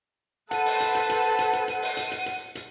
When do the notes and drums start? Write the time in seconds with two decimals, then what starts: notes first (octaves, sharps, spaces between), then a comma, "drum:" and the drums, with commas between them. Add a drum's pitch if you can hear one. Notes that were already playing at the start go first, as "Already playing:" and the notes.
0.51 A4 B4 C5 F#5 A5 D#7, drum: hi-hat
0.66 drum: open hi-hat
0.80 drum: hi-hat
0.95 drum: hi-hat
1.09 drum: hi-hat
1.39 drum: hi-hat
1.53 drum: hi-hat
1.68 drum: hi-hat
1.82 drum: open hi-hat
1.97 drum: hi-hat
2.12 drum: hi-hat
2.26 drum: hi-hat
2.55 drum: hi-hat